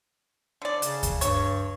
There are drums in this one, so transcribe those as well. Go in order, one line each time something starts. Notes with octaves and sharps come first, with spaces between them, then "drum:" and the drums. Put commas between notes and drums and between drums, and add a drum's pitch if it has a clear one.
D3 D5
C#3, drum: hi-hat
drum: kick D2, hi-hat
G2 C#5, drum: hi-hat